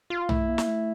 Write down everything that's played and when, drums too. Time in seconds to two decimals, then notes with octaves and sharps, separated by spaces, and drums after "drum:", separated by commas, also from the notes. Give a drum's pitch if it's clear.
0.10 F4
0.29 A3 E4, drum: tom
0.49 A#3
0.58 drum: snare
0.68 A3